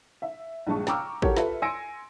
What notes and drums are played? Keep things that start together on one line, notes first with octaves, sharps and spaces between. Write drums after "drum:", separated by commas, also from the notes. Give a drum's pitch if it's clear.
E5
A#1 G2 G#3 A5 C#6
G5 A#5 C#6 D6 E6 F6, drum: snare
E4 F#4 G4 A4 A#4 C#5, drum: kick
F4 A4 B4 E5, drum: snare
G#5 C6 E6 A#6 C#7 D7